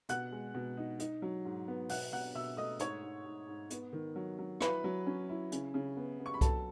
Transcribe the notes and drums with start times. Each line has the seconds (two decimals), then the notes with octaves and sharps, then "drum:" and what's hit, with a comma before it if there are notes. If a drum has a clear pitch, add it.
0.09 B2 F#5 F#6, drum: hi-hat
0.32 G#3
0.55 B2
0.77 D#4
1.00 D#4, drum: hi-hat
1.22 F#3
1.45 G#2
1.68 B3
1.89 B2 F#5 F#6, drum: open hi-hat
2.12 B2 F#5 F#6
2.35 B2 E5 E6
2.57 A3 D#5 D#6
2.80 G#2 C#5 C#6, drum: hi-hat
3.03 G#2
3.26 G#2
3.48 G#2
3.70 B3, drum: hi-hat
3.93 D#3
4.16 F#3
4.39 F#3
4.61 E4 B4 B5, drum: rim click
4.84 F#3
5.07 C#4
5.29 E4
5.52 C#3, drum: hi-hat
5.74 C#3
5.97 B3
6.19 B3
6.26 C#6
6.34 B5
6.41 F#3 A4 A5, drum: kick C2, hi-hat